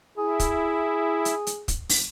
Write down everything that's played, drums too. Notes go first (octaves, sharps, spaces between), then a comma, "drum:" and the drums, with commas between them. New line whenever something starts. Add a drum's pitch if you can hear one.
E4 G#4
drum: kick, hi-hat
drum: hi-hat
drum: hi-hat
drum: kick, hi-hat
drum: open hi-hat